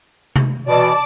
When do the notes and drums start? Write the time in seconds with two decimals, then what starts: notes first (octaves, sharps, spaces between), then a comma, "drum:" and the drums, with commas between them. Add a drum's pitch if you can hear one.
0.36 drum: tom C3
0.67 B2 E3 D5 A5 D6